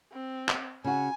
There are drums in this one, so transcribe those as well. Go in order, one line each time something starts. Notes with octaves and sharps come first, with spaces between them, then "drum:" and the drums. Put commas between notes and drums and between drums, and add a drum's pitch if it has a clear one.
C4
drum: clap
C#3 F#4 G#5